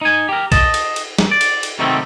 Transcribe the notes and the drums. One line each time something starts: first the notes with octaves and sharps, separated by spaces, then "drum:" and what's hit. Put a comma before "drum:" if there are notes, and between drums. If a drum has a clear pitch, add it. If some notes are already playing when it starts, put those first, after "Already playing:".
D#4 G#5
G4 A#4
D#5 A5, drum: kick B1, cymbal
drum: cymbal
drum: cymbal
drum: snare
D5
drum: cymbal
drum: cymbal
C3 D#3 F#3 G3 A3 C4